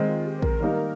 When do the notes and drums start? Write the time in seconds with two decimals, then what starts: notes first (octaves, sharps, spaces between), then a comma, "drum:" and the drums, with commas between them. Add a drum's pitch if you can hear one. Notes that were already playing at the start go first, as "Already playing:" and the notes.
Already playing: D#3 G#3 C4
0.08 F4
0.25 G4
0.38 C5
0.42 A#4, drum: kick
0.60 D#3 G3 A#3 D#4